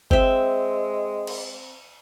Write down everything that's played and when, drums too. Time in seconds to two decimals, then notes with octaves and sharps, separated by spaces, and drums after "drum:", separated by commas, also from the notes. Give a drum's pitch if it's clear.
0.11 G#3 C4 E5, drum: kick G1
1.27 drum: cymbal